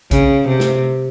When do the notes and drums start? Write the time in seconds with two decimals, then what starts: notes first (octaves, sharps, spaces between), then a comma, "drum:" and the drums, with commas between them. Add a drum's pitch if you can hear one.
0.11 C#3, drum: kick A#1, hi-hat
0.48 C3
0.60 drum: snare